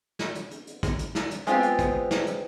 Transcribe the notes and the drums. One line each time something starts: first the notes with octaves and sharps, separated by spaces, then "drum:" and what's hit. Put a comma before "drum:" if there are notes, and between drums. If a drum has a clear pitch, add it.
drum: snare
drum: hi-hat
drum: hi-hat
drum: hi-hat
drum: kick, hi-hat
drum: hi-hat
drum: snare
drum: hi-hat
G#3 B3 C4 F4 G4, drum: hi-hat
drum: hi-hat
drum: kick, hi-hat
drum: snare
drum: hi-hat